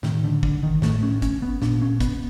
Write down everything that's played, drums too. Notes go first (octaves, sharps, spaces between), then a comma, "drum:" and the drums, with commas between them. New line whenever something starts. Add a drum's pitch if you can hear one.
A2 D#3, drum: snare
D3
D3, drum: kick
D#3
A2 A3, drum: snare
C#4
C#4, drum: kick, hi-hat
B3
A#2 D4, drum: snare
C#4
B3, drum: kick, hi-hat